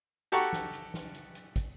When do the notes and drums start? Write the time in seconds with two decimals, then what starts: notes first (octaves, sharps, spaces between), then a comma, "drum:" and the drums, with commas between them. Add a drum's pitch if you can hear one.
0.32 F#4 G4 A4 F#5 A#5 C#6, drum: hi-hat
0.53 drum: snare
0.73 drum: hi-hat
0.94 drum: snare
1.15 drum: hi-hat
1.35 drum: hi-hat
1.56 drum: kick, hi-hat